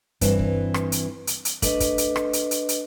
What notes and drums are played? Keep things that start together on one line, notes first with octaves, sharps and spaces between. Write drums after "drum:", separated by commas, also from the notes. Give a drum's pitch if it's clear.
G2 E3 C4, drum: kick, hi-hat
drum: kick
drum: rim click
drum: hi-hat
drum: hi-hat
drum: hi-hat
A3 D4 B4 D#5, drum: kick, hi-hat
drum: kick, hi-hat
drum: hi-hat
drum: rim click
drum: hi-hat
drum: hi-hat
drum: hi-hat